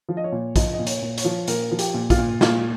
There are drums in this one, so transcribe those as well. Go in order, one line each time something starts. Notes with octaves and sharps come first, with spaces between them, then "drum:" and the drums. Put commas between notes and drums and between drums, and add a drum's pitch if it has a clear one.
F3
D#5
C#5
A#2
F3 D#5, drum: kick A#1, hi-hat
D#5
A#2
C#5, drum: hi-hat
A#2
C#5, drum: hi-hat
F3
A#2 A#4, drum: hi-hat
F3
G4, drum: hi-hat
A#2
F4, drum: kick A#1, hi-hat
A#2
A#2 F4, drum: snare